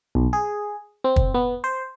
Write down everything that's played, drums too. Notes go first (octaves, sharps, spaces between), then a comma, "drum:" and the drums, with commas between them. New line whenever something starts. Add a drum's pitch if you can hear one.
B1
G#4
C4
drum: kick
B3
C5